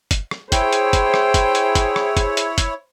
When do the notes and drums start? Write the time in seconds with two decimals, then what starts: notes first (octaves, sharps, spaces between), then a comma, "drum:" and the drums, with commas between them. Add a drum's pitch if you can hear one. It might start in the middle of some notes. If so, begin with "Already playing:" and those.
0.11 drum: kick, hi-hat
0.31 drum: rim click
0.52 E4 G#4 C5 C#5 G5, drum: kick, hi-hat
0.73 drum: hi-hat
0.93 drum: kick, hi-hat
1.14 drum: rim click
1.34 drum: kick, hi-hat
1.55 drum: hi-hat
1.75 drum: kick, hi-hat
1.96 drum: rim click
2.17 drum: kick, hi-hat
2.37 drum: hi-hat
2.58 drum: kick, hi-hat